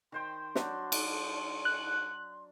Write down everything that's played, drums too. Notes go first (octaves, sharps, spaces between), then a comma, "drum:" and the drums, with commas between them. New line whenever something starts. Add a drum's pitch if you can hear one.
D#3 C5 G5 C6
F#3 D4, drum: snare
drum: cymbal
F#6